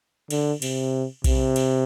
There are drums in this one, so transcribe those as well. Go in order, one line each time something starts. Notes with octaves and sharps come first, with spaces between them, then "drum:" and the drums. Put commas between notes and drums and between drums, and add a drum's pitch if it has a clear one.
D3, drum: cymbal
C3, drum: cymbal
C3, drum: kick B1, cymbal
drum: cymbal